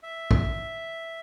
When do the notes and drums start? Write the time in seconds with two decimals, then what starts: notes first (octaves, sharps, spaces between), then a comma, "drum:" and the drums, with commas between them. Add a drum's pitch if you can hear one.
0.03 E5
0.31 drum: kick